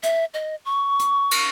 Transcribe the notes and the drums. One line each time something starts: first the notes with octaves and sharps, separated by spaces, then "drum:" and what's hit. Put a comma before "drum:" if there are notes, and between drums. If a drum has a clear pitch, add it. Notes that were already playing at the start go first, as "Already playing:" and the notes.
E5, drum: hi-hat
D#5
C#6
drum: hi-hat
drum: cymbal